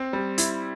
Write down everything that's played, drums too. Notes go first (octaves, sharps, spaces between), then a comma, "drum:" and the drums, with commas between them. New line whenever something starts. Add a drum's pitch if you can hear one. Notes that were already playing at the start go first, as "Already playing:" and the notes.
Already playing: C4
G3
E4, drum: hi-hat